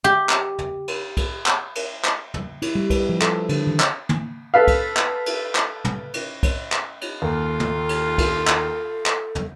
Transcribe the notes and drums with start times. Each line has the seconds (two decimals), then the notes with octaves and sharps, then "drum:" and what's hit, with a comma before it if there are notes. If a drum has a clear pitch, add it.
0.04 G4
0.29 drum: clap
0.58 drum: tom
0.88 drum: cymbal
1.17 drum: kick, cymbal
1.46 drum: clap
1.75 drum: cymbal
2.05 drum: clap
2.34 drum: tom
2.62 E4, drum: cymbal
2.75 G3
2.90 B4, drum: kick, cymbal
3.09 F3
3.21 A4, drum: clap
3.49 D3, drum: cymbal
3.67 D#3
3.80 drum: clap
4.09 drum: tom
4.54 A4 B4 F5
4.68 drum: kick, cymbal
4.97 drum: clap
5.26 drum: cymbal
5.55 drum: clap
5.84 drum: tom
6.14 drum: cymbal
6.43 drum: kick, cymbal
6.72 drum: clap
7.01 drum: cymbal
7.22 D#2 F4 A4 F5
7.60 drum: tom
7.89 drum: cymbal
8.18 drum: kick, cymbal
8.47 drum: clap
9.06 drum: clap
9.35 drum: tom